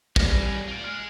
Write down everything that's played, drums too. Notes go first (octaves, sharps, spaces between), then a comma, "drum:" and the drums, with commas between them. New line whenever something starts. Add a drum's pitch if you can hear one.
B2 G3 C#4 A#6, drum: kick
F4 D5
G#3 F6